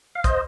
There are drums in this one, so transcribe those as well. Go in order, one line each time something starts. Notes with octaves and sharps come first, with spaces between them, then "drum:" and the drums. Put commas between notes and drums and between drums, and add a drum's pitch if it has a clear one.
F5
C5 D#5, drum: kick, hi-hat